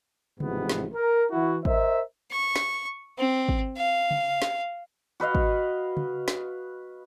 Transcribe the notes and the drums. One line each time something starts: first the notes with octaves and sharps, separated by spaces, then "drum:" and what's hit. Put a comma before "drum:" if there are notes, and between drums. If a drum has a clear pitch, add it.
A1 G#2 C3 F3 B3, drum: tom C#3
drum: snare
A#4
E3 E4 F#4
A#4 C5 D#5 E5, drum: kick
C#6
drum: snare
C4
drum: kick
F5
drum: tom C#3
drum: snare
F#4 B4 D#5 F5
drum: kick
drum: tom C#3
drum: snare